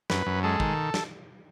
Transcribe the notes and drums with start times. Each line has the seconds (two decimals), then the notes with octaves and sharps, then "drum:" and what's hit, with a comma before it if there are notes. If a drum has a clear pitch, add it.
0.10 F#2 B4, drum: snare
0.26 F#2
0.43 G#3 A4
0.60 D#3, drum: kick
0.94 drum: snare